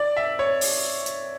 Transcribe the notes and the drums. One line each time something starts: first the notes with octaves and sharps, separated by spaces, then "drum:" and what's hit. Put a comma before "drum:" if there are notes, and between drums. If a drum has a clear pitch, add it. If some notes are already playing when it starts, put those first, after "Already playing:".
Already playing: D5
E5
C#5
drum: open hi-hat
drum: hi-hat